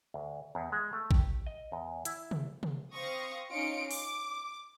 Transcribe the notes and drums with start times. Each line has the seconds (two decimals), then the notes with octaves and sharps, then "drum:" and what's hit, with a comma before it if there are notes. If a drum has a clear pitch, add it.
0.14 D2
0.55 E2
0.72 G#3
0.93 A3
1.11 G4, drum: kick
1.47 D#5
1.72 E2
2.05 E4, drum: hi-hat
2.31 drum: tom C3
2.63 drum: tom C3
2.93 C4 F5 C#6 D#6 A#6
3.51 C#4 D#4 F4 C#7 D7
3.91 D6, drum: open hi-hat